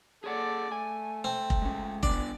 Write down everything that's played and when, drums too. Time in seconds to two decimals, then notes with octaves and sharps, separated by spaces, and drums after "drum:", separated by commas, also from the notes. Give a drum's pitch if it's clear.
0.24 G#4 A4 C#5 D5 F#5
0.72 A3 G#5
1.24 C4
1.50 drum: kick F1
1.62 G#3 C#4
2.03 B3 D4 D5, drum: kick F1